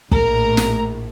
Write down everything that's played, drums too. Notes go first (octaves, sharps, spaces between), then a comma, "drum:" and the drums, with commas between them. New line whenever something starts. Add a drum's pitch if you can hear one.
A#1 A2 A#4 A#5, drum: kick
drum: snare